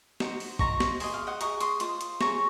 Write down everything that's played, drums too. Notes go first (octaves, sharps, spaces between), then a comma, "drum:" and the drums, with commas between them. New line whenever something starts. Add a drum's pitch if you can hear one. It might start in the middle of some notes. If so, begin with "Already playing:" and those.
D#4 F#4 C5, drum: snare
drum: open hi-hat
F4 C5 D#5 A#5 C#6, drum: kick A#1
drum: snare
G#4 C5 D#5 G#5 C6, drum: open hi-hat
F5
D#5 F#5
G#4 D#5 A#5 C#6, drum: hi-hat
C6 D#6, drum: hi-hat
F4 C5 D#5, drum: hi-hat
drum: hi-hat
G#4 C#5 A#5 C#6, drum: snare